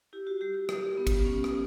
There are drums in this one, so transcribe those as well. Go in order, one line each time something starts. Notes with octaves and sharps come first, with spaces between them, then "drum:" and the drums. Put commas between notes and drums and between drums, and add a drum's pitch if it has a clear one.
E4 G4
F#4
G3 G4
F#4
G3 G4, drum: rim click
B3
drum: kick G#1, cymbal
C#4
drum: rim click